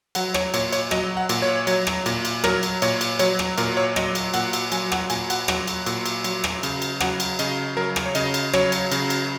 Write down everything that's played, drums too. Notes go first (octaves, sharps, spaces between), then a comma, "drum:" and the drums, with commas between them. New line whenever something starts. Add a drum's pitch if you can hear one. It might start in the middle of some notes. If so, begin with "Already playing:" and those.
F#3 F#5, drum: cymbal
C#5, drum: rim click
A#2 C#5, drum: cymbal
C#5, drum: cymbal
F#3 D#5, drum: rim click
F#5
A#2, drum: cymbal
C#5
F#3, drum: cymbal
drum: rim click
A#2, drum: cymbal
drum: cymbal
F#3 A#4, drum: rim click
drum: cymbal
A#2 C#5, drum: cymbal
drum: cymbal
F#3 C#5, drum: cymbal
drum: rim click
A#2 A#4, drum: cymbal
C#5
F#3 D#5, drum: rim click
drum: cymbal
A#2 F#5, drum: cymbal
drum: cymbal
F#3 G#5, drum: cymbal
F#5, drum: rim click
A#2 G#5, drum: cymbal
F#5, drum: cymbal
F#3 F#5, drum: rim click
drum: cymbal
A#2, drum: cymbal
drum: cymbal
F#3, drum: cymbal
drum: rim click
C#3, drum: cymbal
drum: cymbal
F#3 F#5, drum: rim click
drum: cymbal
C#3 D#5, drum: cymbal
F#3 A#4
drum: rim click
C#5
C#3 D#5, drum: cymbal
drum: cymbal
F#3 C#5, drum: rim click
drum: cymbal
C#3, drum: cymbal
drum: cymbal